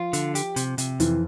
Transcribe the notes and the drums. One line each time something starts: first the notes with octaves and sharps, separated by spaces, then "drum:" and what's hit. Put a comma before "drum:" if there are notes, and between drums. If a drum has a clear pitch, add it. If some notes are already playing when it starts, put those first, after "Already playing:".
Already playing: F3 F4
D3, drum: hi-hat
G4, drum: hi-hat
C3, drum: hi-hat
C3, drum: hi-hat
F2 E3, drum: hi-hat